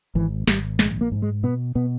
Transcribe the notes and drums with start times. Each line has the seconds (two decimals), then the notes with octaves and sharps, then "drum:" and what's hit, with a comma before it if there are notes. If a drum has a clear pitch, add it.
0.15 G#1 E3
0.47 G#1 G3, drum: snare
0.79 A#1 G#3, drum: snare
1.01 A#3
1.12 G#2
1.22 G#3
1.43 B2 B3
1.75 B2 B3